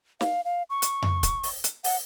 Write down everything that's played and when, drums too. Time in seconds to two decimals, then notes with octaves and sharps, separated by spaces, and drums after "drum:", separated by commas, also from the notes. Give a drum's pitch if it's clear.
0.21 F5, drum: snare
0.45 F5
0.70 C#6
0.82 drum: hi-hat
1.02 drum: tom F2
1.23 drum: kick, hi-hat
1.43 drum: open hi-hat
1.64 drum: hi-hat
1.84 F#5, drum: open hi-hat